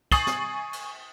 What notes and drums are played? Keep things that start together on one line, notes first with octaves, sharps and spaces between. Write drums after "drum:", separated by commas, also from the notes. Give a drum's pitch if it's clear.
G#5 C#6 D#6 A6 C7 F#7, drum: kick, cymbal
drum: snare
drum: cymbal